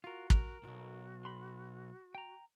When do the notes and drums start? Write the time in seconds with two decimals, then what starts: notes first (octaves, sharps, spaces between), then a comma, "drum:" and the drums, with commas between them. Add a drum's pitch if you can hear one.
0.04 F4 F#4 A#4
0.30 A#4, drum: kick
0.63 B1 G#2 F#4
1.25 B5 C6
2.15 G5 A#5